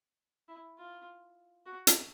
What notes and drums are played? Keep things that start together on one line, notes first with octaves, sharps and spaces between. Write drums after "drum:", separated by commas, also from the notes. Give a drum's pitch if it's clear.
E4
F4
F#4
drum: hi-hat